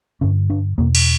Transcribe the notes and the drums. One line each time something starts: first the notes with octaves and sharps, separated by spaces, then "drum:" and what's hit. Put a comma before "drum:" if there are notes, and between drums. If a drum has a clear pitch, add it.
G2 D3 C#4
D4
E2 B2 A#3
drum: cymbal